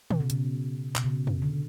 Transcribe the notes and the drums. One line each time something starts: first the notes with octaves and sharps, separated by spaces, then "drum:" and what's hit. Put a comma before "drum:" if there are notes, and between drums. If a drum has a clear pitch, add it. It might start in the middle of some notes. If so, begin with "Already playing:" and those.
B2, drum: tom
C#3
B2, drum: hi-hat
B2, drum: clap
C#3
drum: tom
D3